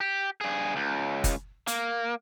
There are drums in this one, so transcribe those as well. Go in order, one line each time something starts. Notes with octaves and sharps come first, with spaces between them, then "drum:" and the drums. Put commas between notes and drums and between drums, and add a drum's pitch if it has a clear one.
G4
G2 G#4
C#2
drum: kick, hi-hat
A#3, drum: hi-hat